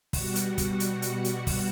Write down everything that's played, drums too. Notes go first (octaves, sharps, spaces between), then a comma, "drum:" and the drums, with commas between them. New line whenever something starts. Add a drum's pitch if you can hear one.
B2 G3 F#4 F#5, drum: kick, open hi-hat
drum: hi-hat
drum: kick, hi-hat
drum: hi-hat
drum: hi-hat
drum: hi-hat
drum: kick, open hi-hat